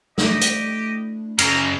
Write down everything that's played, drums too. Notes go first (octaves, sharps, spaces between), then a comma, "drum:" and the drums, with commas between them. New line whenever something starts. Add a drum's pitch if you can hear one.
A3 D4 E4 G4 D#5, drum: snare G3
drum: hi-hat
F#2 C#3 A#5, drum: cymbal